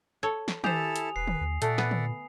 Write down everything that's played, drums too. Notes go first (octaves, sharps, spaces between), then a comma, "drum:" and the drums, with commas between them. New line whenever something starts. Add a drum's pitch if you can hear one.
A4 C#5
drum: snare
E4 G4 A4 C5 G#5 A5 D#6 F7, drum: tom D#3
drum: hi-hat
E1 B4 C7
drum: tom D3
D#2
A#2 A3 D5 E5 F#5, drum: hi-hat
B3, drum: snare
drum: tom D3